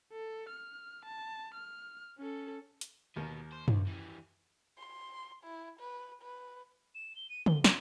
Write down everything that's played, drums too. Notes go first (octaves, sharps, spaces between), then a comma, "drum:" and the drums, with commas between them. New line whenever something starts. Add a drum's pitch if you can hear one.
A4
F6
A5
F6
C#4 A4
drum: hi-hat
D#2 B2 A#4
C5
C#2, drum: tom
E3 G3
C6
E4
B4
B4
E7
G7
D#7
G7, drum: tom
G#6, drum: snare